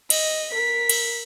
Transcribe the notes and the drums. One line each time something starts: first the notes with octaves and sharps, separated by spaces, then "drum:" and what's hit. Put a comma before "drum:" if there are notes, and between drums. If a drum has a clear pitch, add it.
D#5, drum: cymbal
A#4 B6
drum: cymbal